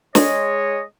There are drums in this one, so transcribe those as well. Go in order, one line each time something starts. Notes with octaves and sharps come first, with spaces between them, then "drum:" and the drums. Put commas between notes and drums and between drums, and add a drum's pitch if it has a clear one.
G#3 C#5 D#5, drum: snare